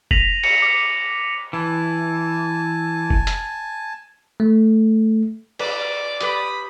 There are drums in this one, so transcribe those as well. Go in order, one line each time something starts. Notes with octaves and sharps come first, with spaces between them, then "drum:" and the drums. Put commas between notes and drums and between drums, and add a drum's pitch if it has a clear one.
A#6 B6 D#7 F7 F#7, drum: kick F1
C#7, drum: cymbal
D6
E3 G#5 A5
drum: kick F1
drum: hi-hat
A3
B4 D5, drum: cymbal
G4 B4 B5 D6 D#6, drum: hi-hat